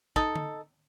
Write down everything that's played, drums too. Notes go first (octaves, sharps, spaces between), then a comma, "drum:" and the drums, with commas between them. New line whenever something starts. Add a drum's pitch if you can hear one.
D#4 A4, drum: kick
drum: tom D3